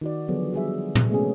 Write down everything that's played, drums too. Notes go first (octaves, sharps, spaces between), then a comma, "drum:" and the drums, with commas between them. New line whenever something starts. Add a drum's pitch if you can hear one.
D#3 F#4 D5
D3 D#3 F3 F#3 B3 G#4
G3 G#4 E5
C3, drum: tom
G#3 A3 B3 C#4 G#4